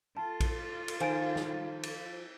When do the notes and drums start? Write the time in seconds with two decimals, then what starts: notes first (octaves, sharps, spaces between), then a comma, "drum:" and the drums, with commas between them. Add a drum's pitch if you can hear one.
0.17 F4 A4 A5
0.40 drum: kick A#1, cymbal
0.88 drum: cymbal
1.00 D#3 F3 C5 G#5 D7
1.36 drum: snare
1.83 drum: cymbal